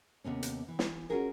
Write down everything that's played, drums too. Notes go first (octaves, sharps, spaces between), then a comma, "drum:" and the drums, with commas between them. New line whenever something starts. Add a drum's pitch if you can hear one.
D#2 C3 B3 C#4
drum: hi-hat
E3
drum: snare
C#4 D4 F4 F#4 G#4 A#4